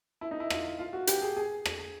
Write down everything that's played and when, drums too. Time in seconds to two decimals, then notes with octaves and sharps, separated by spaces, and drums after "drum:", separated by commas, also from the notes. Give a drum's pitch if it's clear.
0.21 E4
0.31 D#4
0.40 E4
0.50 F4, drum: rim click
0.79 F4
0.93 F#4
1.07 G4, drum: hi-hat
1.22 G#4
1.37 G#4
1.66 drum: rim click